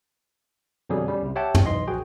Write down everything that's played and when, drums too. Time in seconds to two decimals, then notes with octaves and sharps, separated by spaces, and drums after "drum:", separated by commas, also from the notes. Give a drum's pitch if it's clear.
0.89 F2 B2 D3 F#3 G3 G#4
1.08 G3 C#4
1.22 C2 C3
1.36 G4 C#5 E5 F#5 G5 A5
1.55 drum: tom
1.64 B1 E3 D#5 C6
1.87 A#1 F#4 G#4 G5